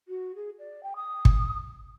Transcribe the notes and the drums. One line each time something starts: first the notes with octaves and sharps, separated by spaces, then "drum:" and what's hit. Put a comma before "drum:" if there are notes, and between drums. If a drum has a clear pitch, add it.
F#4
G#4
D5
G5
D#6
drum: kick